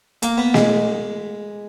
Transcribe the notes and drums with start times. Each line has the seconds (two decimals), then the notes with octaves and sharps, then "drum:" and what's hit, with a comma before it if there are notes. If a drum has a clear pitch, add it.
0.22 A#3, drum: hi-hat
0.38 B3
0.54 G#3, drum: snare